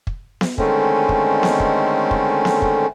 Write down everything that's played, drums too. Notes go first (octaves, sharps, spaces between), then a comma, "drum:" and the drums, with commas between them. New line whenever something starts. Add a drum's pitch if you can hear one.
drum: kick
drum: snare B3
D3 D#3 G#3 A3 C4 C#4, drum: kick
drum: kick
drum: snare B3
drum: kick
drum: kick
drum: snare B3
drum: kick